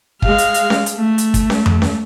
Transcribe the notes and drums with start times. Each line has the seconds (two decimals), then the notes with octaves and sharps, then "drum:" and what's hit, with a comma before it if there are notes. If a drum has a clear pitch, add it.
0.22 G#3 F5, drum: kick
0.38 drum: hi-hat
0.54 drum: hi-hat
0.70 drum: snare C#4
0.86 drum: hi-hat
0.97 A3
1.18 drum: hi-hat
1.34 drum: kick, hi-hat
1.50 drum: snare C#4
1.66 drum: tom F2
1.82 drum: snare C#4